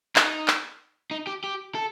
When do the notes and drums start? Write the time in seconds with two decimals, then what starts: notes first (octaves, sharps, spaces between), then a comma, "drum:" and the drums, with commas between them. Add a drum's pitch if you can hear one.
0.16 D#4, drum: clap
0.48 drum: clap
1.11 D#4
1.27 G4
1.44 G4
1.75 A4